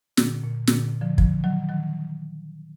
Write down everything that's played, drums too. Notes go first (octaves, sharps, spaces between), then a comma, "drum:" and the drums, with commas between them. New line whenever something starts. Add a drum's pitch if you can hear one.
A#2 D3, drum: snare
A#2
A#2 D3, drum: snare
D3 F3
D3 F3, drum: kick
D#3 F#3
D#3 F#3